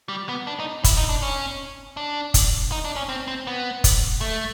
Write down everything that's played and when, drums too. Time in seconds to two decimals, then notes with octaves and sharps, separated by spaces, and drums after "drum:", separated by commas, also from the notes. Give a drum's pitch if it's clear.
0.09 G3
0.29 B3
0.47 D4
0.59 D#4
0.84 E4, drum: kick, hi-hat
0.97 D#4
1.09 D4
1.22 C#4
1.97 D4
2.34 drum: kick, hi-hat
2.72 D#4
2.85 D4
2.96 C#4
3.09 C4
3.28 C4
3.47 B3
3.84 drum: kick, hi-hat
4.21 A3